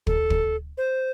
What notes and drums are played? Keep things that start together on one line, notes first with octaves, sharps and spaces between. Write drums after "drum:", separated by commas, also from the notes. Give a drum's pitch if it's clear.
A4, drum: kick
drum: kick
C5